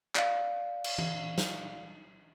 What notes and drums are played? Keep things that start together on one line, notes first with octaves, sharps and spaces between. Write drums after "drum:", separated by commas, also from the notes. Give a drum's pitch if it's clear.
D5 F5, drum: clap
drum: cymbal
drum: tom E3
drum: snare